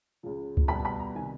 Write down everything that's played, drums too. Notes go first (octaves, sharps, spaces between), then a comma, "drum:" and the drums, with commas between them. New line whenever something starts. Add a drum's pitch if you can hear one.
C#2 C#3 F3
drum: kick C#2
B2 G3 B3 B5
B5
A#5
C3 D#3 G#5